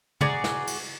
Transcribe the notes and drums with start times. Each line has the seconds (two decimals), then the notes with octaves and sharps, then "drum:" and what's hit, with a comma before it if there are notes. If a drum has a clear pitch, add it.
0.21 F#4 G#4 D5 A#5, drum: tom
0.44 drum: snare
0.67 drum: cymbal